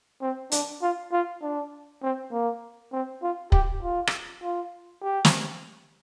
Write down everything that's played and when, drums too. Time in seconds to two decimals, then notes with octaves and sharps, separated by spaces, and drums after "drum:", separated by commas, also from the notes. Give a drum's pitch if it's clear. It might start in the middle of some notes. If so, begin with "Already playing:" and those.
0.22 C4
0.52 D4, drum: hi-hat
0.83 F4
1.12 F4
1.42 D4
2.03 C4
2.32 A#3
2.93 C4
3.23 F4
3.52 G4, drum: kick
3.83 F4
4.07 drum: rim click
4.43 F4
5.03 G4
5.25 drum: snare